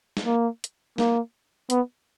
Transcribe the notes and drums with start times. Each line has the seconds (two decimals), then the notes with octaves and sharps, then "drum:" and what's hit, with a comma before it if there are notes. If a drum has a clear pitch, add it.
0.17 drum: snare
0.26 A#3
0.64 drum: hi-hat
0.98 A#3, drum: snare
1.70 B3, drum: hi-hat